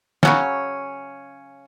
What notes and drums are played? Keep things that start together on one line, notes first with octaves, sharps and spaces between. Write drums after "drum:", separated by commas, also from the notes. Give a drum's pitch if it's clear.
C#3 F#3 C#4, drum: snare